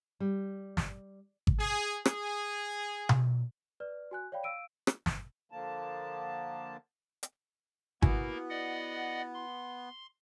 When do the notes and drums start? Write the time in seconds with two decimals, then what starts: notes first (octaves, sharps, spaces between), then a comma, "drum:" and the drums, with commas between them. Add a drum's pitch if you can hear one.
0.20 G3
0.77 drum: snare
1.47 drum: kick G#1
1.59 G#4
2.05 G#4, drum: rim click
3.09 drum: tom B2
3.80 B4 D5 F6
4.11 F#4 G#5 F#6
4.32 C#5 D5 F5 G5 B5
4.43 F5 E6 D7 D#7
4.87 drum: rim click
5.06 drum: snare
5.52 D3 F3 A#3 A5
7.23 drum: hi-hat
8.02 A#3 B3 E4 F#4 A#4 G#5, drum: kick G#1
8.49 D5 D#5 F#5
9.34 C6